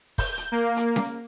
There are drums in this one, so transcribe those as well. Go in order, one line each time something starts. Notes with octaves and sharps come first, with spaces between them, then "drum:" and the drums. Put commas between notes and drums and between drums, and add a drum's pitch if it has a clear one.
G6, drum: kick, open hi-hat
drum: hi-hat
A#3
drum: hi-hat
drum: snare C#4